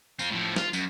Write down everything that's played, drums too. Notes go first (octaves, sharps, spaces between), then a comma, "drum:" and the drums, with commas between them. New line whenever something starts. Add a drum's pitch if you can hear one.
C4 F4, drum: tambourine
A2 F3
F4, drum: snare
F#2, drum: tambourine